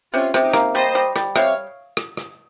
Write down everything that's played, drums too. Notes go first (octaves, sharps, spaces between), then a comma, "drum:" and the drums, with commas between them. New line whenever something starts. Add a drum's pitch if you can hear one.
C3 C#4 F4
C3, drum: rim click
D#4 G4
A#3, drum: rim click
G3 C5 D#5
G3
G3, drum: rim click
C3 C#5 F5, drum: rim click
drum: rim click
drum: rim click